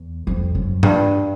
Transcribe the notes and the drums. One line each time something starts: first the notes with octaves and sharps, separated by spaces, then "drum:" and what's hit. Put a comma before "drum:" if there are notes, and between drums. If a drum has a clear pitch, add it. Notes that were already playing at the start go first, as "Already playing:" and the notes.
Already playing: E2
F2
F#2
G2, drum: tom G2